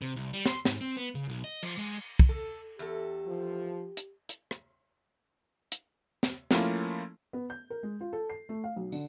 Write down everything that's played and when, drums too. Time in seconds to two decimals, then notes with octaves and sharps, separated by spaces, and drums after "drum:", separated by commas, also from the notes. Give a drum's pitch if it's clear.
0.02 C3
0.16 C2
0.33 G3
0.46 C6, drum: snare
0.65 G#2, drum: snare
0.81 C4
0.97 B3
1.15 C#3
1.29 B1
1.44 D#5
1.63 F3, drum: cymbal
1.78 G#3
2.19 drum: kick
2.29 A4
2.79 E2 G4 A4
3.27 F3
3.97 drum: hi-hat
4.29 drum: hi-hat
4.51 drum: rim click
5.72 drum: hi-hat
6.23 drum: snare
6.51 F3 A3 A#3 C#4 E4 F4, drum: snare
7.33 B3
7.50 G6
7.70 A#4
7.83 G#3
8.01 F4
8.13 A4
8.30 C7
8.49 A3
8.64 F5
8.76 B1
8.92 D3, drum: tambourine